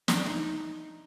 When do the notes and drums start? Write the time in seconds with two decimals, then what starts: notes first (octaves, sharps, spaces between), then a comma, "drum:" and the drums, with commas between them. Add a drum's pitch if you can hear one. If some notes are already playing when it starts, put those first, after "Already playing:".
0.08 D4, drum: snare
0.26 D#4